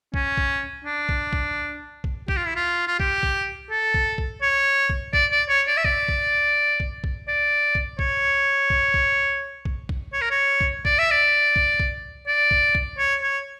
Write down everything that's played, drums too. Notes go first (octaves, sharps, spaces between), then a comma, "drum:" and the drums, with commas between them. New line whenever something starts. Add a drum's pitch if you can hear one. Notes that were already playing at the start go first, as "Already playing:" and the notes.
C#4, drum: kick
drum: kick
D4
drum: kick
drum: kick
drum: kick
G4, drum: kick
F4
E4
F4
F4
G4, drum: kick
drum: kick
A4
drum: kick
drum: kick
C#5
drum: kick
D5, drum: kick
D5
C#5
D5
E5
D5, drum: kick
drum: kick
drum: kick
drum: kick
D5
drum: kick
C#5, drum: kick
drum: kick
drum: kick
drum: kick
drum: kick
C#5
A#4
C#5
drum: kick
D5, drum: kick
E5
D5
drum: kick
drum: kick
D5
drum: kick
drum: kick
C#5
C#5